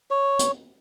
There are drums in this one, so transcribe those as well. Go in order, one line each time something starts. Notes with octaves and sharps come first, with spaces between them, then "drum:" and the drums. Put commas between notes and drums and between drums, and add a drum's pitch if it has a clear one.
C#5
drum: hi-hat